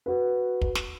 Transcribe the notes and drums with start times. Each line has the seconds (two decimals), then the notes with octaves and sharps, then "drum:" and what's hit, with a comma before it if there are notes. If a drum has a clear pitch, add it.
0.06 F#4 B4
0.61 drum: kick
0.75 drum: snare